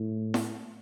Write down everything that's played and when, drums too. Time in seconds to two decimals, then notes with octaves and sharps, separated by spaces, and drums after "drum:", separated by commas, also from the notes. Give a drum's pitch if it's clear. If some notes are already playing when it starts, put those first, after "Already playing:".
Already playing: A2
0.34 drum: snare E4